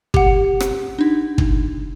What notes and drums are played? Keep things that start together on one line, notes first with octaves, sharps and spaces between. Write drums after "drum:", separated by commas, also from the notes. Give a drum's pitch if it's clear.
G4 F#5, drum: kick
drum: rim click
D4 D#4
drum: kick